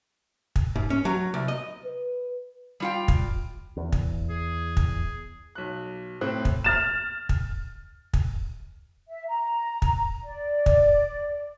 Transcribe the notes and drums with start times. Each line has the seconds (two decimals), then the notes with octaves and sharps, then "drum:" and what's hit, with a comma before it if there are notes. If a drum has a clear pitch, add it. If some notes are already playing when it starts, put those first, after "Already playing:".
0.56 drum: kick
0.76 G#2
0.90 C#4
1.05 F#3
1.34 C2
1.48 D#5
1.85 B4
2.80 G3 F4 G5
3.08 drum: kick
3.77 E2
3.92 drum: kick
4.30 G#4
4.77 drum: kick
5.55 B1 F#6
6.21 A2 C4 F#6
6.45 drum: kick
6.64 F6 A6 E7
7.29 drum: kick
8.13 drum: kick
9.08 E5
9.28 A#5
9.82 drum: kick
10.24 D5
10.66 drum: kick